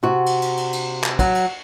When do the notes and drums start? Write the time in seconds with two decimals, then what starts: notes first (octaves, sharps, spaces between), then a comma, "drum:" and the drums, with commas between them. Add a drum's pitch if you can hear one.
0.03 C3 F#4
0.26 drum: cymbal
0.42 drum: cymbal
0.57 drum: cymbal
0.73 drum: cymbal
1.04 drum: clap
1.19 F#3, drum: kick, cymbal
1.35 drum: cymbal